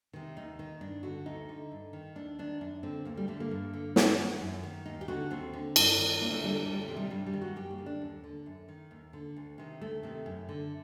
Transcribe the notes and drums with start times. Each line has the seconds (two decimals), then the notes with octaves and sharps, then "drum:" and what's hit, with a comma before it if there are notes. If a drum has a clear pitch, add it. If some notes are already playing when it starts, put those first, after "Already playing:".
0.13 C3 D#3
0.36 D#2 D#4
0.59 D#3
0.81 G2 D4
1.03 D3 F#4
1.26 D2 D#4
1.49 D3
1.72 G2
1.93 D#3
2.15 D#2 D4
2.39 D#3 D4
2.61 F#2 D4
2.83 D3 C4
3.05 D2 A#3
3.17 G3
3.28 D3 A3
3.40 A#3
3.51 G2
3.73 D3
3.96 G2 F#4, drum: snare
4.19 D#3
4.41 F#2
4.63 D#3
4.86 D#2 D#4
5.01 G4
5.08 D3 F#4
5.30 D#2 C4
5.53 D3
5.76 G2, drum: cymbal
5.98 D#3
6.21 D2 A#3
6.33 A3
6.44 D3 G3
6.55 G3
6.65 D2 G3
6.82 A3
6.88 C3 D#3
6.97 G3
7.10 G2 G3
7.26 G3
7.33 D#3
7.42 F#4
7.56 F#2 G4
7.71 A#3
7.78 D3
7.86 D4
8.01 D#2
8.24 D3
8.46 F#2
8.68 D#3
8.91 D#2
9.13 D3
9.36 D2
9.58 C3 D#3
9.81 D2 A3
10.03 C3 D#3
10.26 F#2
10.49 D3